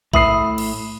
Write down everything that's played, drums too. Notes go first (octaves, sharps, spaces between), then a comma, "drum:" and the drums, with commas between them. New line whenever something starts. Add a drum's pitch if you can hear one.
A2 E5 B5 D#6 C7, drum: kick A#1
drum: cymbal